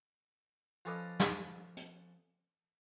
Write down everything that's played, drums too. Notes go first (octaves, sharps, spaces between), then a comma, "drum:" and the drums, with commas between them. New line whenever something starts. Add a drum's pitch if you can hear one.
F3 C#4 A4 B4 D5 D#5
drum: snare
drum: hi-hat